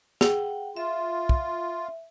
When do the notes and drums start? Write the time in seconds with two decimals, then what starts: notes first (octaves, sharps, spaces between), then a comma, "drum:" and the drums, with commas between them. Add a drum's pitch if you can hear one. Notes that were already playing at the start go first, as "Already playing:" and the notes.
0.21 G#4 F#5 G5, drum: snare
0.76 F4 E5
1.29 drum: kick